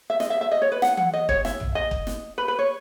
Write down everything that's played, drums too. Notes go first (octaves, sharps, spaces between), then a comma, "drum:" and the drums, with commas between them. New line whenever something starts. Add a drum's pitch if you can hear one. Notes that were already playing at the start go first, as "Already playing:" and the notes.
E5
D#5, drum: snare
E5
E5
D#5
C#5
B4
F#5, drum: snare
F#5, drum: tom E3
D#5
C#5, drum: kick
E5, drum: snare
drum: tom
D#5
drum: kick
drum: snare
B4
B4
C#5